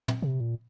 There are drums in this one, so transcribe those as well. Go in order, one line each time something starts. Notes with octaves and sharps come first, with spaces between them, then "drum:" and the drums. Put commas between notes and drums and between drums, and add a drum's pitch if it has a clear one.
drum: tom
C3
A#2